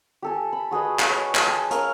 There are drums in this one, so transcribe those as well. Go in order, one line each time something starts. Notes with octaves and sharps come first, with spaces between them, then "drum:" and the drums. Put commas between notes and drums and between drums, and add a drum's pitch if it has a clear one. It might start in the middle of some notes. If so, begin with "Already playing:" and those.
G4 A4 G#5
B5
F#4 G#4 B4 D#5
drum: clap
C#5 D#5
drum: clap
G#4 G5 A5
A#4 C#5 E5 F5, drum: hi-hat